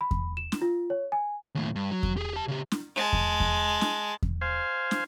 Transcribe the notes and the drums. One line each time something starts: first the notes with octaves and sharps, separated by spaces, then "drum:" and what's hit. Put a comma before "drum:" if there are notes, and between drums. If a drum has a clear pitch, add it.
B5
drum: kick E2
E7
drum: snare
F4
C#5
G#5
D#2 A2
G2
F#3
drum: kick E2
G4 G#4
G4 A5
C#3 G4
drum: snare
G#3 A5
drum: kick E2
drum: kick E2
drum: snare
drum: kick E2
C5 F5 G#5
drum: snare